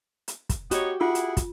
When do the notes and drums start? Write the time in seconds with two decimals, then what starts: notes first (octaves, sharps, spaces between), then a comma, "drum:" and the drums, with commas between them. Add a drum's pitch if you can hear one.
0.28 drum: hi-hat
0.49 drum: kick, hi-hat
0.71 B3 D#4 F#4 G4 C#5, drum: hi-hat
1.01 E4 F4 G#4 F#5
1.15 drum: hi-hat
1.37 drum: kick, hi-hat